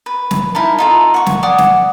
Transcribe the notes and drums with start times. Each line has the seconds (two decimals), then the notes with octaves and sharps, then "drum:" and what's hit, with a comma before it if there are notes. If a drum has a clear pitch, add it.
0.06 B4
0.31 drum: snare
0.55 D#4 E4 A#4 A5
0.79 D#4 F4 A4
1.14 F#5 C#6
1.26 drum: snare
1.43 D5 F#5 G#5 D#6
1.58 drum: snare